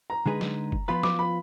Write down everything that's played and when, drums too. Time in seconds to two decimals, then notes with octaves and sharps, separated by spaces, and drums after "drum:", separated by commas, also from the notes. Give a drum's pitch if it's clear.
0.10 A#5
0.26 D3 G#3 D#4 G#4 B4
0.41 drum: snare
0.72 drum: kick F#1
0.88 F3 B3 F4 B4 B5
1.03 D6, drum: snare
1.19 B5